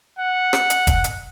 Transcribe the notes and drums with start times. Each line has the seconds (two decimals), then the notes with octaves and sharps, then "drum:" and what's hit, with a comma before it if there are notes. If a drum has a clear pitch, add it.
0.19 F#5
0.53 drum: rim click
0.70 drum: hi-hat
0.87 drum: kick, hi-hat
1.04 drum: hi-hat